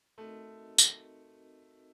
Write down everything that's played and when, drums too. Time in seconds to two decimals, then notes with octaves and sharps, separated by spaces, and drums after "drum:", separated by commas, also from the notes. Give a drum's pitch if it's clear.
0.18 A3 C4 D#4 F#4 A#4 D#5
0.78 drum: tambourine